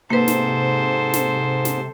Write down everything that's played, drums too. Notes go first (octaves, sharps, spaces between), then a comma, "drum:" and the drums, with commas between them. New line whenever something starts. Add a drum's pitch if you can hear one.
G#2 C3 A#3 A4 B4 C5
drum: snare
drum: snare
drum: snare